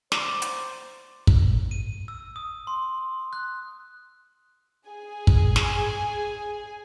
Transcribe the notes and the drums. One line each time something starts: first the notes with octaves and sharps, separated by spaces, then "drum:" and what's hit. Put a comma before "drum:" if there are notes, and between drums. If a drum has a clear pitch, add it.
C5 D5 A#5, drum: snare
drum: hi-hat
drum: kick
D#7
E6
D#6
C6
F#6
G#4 G#5
drum: kick
drum: snare